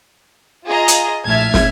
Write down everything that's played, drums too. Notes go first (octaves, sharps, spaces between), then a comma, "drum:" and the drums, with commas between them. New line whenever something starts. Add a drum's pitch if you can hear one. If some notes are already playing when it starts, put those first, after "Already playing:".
F4 G#4 D#5 A#5
drum: hi-hat
A#1 A2 E5 A5 F6 G#6
drum: snare